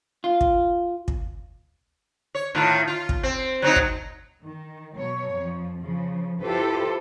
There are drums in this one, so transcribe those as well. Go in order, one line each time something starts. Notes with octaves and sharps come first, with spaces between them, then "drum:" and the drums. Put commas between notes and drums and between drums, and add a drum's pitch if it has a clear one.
F4
drum: kick
drum: kick
C#5
A2 D#3 F4
F4
drum: kick
C4
F#3 C4 D#4
drum: kick
D#3
B2 F#3 C#5
F2 F3
C#3 F3
E4 F4 G4 A4 B4 C5